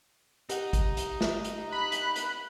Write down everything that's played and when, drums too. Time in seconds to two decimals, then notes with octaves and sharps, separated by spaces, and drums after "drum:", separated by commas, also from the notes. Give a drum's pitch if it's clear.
0.50 D#4 G4 F#5, drum: hi-hat
0.73 drum: kick G#1, hi-hat
0.97 drum: hi-hat
1.21 drum: snare
1.44 drum: hi-hat
1.72 B5 F#6
1.92 drum: hi-hat
2.16 drum: hi-hat